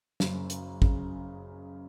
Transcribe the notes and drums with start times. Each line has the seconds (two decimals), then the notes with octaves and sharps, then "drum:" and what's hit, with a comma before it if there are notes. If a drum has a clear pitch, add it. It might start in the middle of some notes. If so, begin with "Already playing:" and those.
0.20 F#1 F#2 C#3, drum: snare
0.50 drum: hi-hat
0.82 C#3, drum: kick